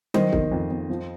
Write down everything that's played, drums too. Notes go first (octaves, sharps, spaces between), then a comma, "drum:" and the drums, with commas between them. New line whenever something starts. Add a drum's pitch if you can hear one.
D#3 C5 D#5, drum: tom F#3
D#3, drum: kick
F2
F2
F3